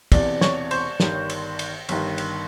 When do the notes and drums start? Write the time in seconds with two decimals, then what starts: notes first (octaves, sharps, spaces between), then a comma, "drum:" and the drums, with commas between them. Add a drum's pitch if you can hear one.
0.12 E1 E2 C3 E3 D5, drum: kick, cymbal
0.41 C#5, drum: snare
0.71 C5, drum: cymbal
1.00 G1 G2 D#3, drum: snare
1.30 drum: cymbal
1.59 drum: cymbal
1.89 G1 G2 D#3, drum: cymbal
2.18 drum: cymbal